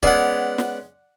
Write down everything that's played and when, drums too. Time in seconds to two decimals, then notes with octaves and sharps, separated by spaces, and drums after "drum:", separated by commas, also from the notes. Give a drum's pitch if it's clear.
0.03 G#3 B3 C#4 D5 F#5, drum: kick
0.58 drum: snare